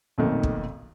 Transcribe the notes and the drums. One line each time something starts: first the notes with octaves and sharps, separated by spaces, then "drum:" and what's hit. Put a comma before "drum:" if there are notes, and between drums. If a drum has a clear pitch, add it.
B1 F2 A#2 D#3 A3
drum: kick